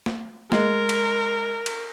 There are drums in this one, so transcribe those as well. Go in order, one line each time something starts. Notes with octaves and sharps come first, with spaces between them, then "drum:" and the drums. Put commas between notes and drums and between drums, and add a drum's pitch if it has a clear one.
drum: snare
G#3 A#4, drum: snare
drum: cymbal
drum: cymbal